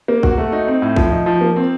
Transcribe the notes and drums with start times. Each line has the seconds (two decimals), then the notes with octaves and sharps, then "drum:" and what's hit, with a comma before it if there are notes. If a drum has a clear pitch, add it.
0.08 A#3
0.23 F#4, drum: kick
0.38 A3
0.52 D#4
0.67 C4
0.82 A2
0.96 F3, drum: kick
1.12 D#4
1.26 F3
1.41 A#3
1.56 C4